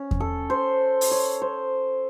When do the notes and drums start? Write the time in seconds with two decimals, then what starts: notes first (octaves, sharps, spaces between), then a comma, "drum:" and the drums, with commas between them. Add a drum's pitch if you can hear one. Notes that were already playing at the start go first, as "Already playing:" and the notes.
Already playing: C#4
0.11 drum: kick E2
0.20 A4
0.50 C5
1.01 drum: open hi-hat
1.11 C#5
1.42 C5